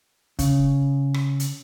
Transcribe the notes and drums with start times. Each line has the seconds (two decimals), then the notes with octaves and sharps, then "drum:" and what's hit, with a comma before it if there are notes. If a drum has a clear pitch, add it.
0.39 C#3, drum: kick, hi-hat
1.14 drum: rim click
1.40 drum: hi-hat